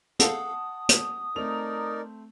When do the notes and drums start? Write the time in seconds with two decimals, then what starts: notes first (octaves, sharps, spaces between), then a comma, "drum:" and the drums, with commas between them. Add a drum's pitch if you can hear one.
0.19 G#4 A4 F5 F#5 A5 D#6, drum: hi-hat
0.89 drum: hi-hat
1.36 A3 C4 D#4 A#4 D5 F7